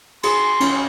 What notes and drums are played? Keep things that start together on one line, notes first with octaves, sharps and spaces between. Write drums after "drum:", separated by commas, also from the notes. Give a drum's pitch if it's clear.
G#4 C6, drum: cymbal
C#4, drum: cymbal